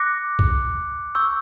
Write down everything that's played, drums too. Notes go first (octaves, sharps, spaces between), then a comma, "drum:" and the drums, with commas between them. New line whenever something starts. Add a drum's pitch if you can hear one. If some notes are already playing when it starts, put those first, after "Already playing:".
Already playing: D6 F#6 A#6 C#7
drum: kick B1
C#6 E6 G6